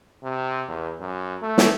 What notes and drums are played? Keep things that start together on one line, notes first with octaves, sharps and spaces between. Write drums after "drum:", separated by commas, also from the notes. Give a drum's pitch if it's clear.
C3
E2
F#2
A3
drum: snare